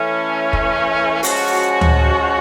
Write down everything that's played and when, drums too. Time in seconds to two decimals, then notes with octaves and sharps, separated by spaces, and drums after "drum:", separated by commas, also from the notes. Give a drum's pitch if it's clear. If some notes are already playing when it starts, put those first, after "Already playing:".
Already playing: E3 A3 C#4
0.53 drum: kick
1.23 F3 G#3 C#4 F#4, drum: open hi-hat
1.81 drum: tom D2